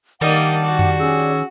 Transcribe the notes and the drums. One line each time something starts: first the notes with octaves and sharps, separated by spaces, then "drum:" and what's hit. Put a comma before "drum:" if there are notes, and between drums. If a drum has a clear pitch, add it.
D#3 G3 A#3 D4 D#5 F#5 D6
F#4
drum: tom F2
C#4 G#4 E6